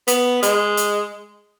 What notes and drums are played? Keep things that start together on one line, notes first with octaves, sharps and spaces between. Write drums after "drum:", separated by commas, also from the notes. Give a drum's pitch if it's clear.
B3, drum: hi-hat
G#3, drum: hi-hat
drum: hi-hat